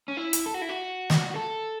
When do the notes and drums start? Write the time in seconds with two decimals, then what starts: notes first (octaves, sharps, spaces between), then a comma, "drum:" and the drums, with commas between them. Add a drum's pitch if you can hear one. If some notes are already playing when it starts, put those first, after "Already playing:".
0.08 C#4
0.17 E4
0.33 drum: hi-hat
0.46 A4
0.54 F#4
0.62 E4
0.69 F#4
1.10 drum: snare
1.31 F#4
1.36 A4